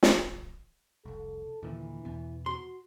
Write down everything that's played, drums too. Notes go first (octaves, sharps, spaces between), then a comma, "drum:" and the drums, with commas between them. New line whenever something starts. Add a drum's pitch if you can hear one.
drum: snare
F1 C2 A4
D#2 A#2 D3 E3
E2 B2 B3
F#4 C6